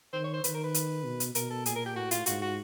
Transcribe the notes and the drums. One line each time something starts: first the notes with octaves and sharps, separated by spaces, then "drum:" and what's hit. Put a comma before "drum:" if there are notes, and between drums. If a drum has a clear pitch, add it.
D#3 C5
C#5
C5
D#3 B4, drum: hi-hat
A#4
B4
drum: hi-hat
B2
drum: hi-hat
B2 A#4, drum: hi-hat
A4
A#2 G#4, drum: hi-hat
A#4
G4
A2 F#4
F4, drum: hi-hat
G#2 F#4, drum: hi-hat
F#4